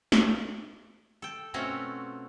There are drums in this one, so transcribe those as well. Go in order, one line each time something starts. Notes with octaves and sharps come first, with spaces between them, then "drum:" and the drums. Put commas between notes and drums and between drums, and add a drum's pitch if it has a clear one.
drum: snare
A4 G5
B2 A3 C4 C#4 F4 F#4